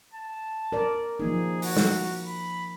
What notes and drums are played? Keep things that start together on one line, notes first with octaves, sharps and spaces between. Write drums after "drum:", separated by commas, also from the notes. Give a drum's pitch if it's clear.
A5
A#4 D5
F3 A#3 D#4 G#4
F#4, drum: open hi-hat
drum: snare
B5